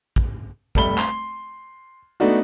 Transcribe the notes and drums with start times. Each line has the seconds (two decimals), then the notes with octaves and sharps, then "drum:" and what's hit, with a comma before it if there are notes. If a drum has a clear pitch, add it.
0.16 drum: kick
0.75 F1 G3 A3 B5 G7, drum: kick
0.98 C6, drum: clap
2.20 A3 B3 D4 D#4 F#4